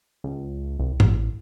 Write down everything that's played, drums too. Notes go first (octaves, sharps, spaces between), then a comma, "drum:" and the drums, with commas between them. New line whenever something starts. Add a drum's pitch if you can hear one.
C#2
C2
A1, drum: tom G2